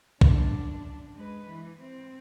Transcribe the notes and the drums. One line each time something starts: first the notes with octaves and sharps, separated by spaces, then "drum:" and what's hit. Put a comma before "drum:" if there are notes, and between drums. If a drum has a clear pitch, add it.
F#2 D4, drum: kick
G#3 B4
E3
C4